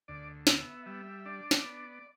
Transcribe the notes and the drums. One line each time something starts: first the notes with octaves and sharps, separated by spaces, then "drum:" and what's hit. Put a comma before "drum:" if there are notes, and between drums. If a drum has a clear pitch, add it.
D2 D5
B3 E5, drum: snare
G3 E5
D4 D5
drum: snare
B3